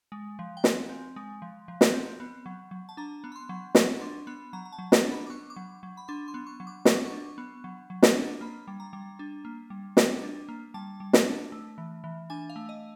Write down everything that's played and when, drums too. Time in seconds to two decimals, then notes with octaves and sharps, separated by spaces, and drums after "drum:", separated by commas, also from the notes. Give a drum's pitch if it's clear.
0.12 G#3
0.39 F3
0.57 G5
0.64 F3 G#5, drum: snare
0.90 C4
1.16 G#3
1.42 F3
1.68 F3
1.81 drum: snare
1.94 C4
2.20 B3
2.46 F#3
2.71 F#3
2.89 A5
2.97 D4 A#5
3.24 B3
3.32 B5
3.36 C6
3.49 F#3
3.75 F#3 C#6, drum: snare
4.01 D4 C6
4.27 B3 B5
4.53 F#3 A#5
4.65 A#5
4.72 A5
4.79 F#3
4.92 A#5, drum: snare
5.05 D4
5.12 B5
5.27 D6
5.30 B3 C#6
5.50 D6
5.56 F#3
5.83 F#3
5.97 B5
6.08 D4 C6
6.28 C6
6.34 B3
6.47 C#6
6.60 F#3
6.67 D6
6.85 F#3 C#6, drum: snare
6.96 D6
7.05 C#6
7.12 D4
7.38 B3
7.64 F#3
7.90 F#3
8.03 drum: snare
8.16 D4
8.41 A#3 B5
8.68 G3
8.80 A#5
8.93 G3
9.19 D4
9.45 A#3
9.70 G3
9.97 G3, drum: snare
10.23 D4
10.49 A#3
10.74 G3 A5
11.00 G3
11.13 drum: snare
11.26 D4
11.52 A3
11.78 E3
12.04 E3
12.30 D4 G#5
12.49 F5
12.56 A3
12.69 D#5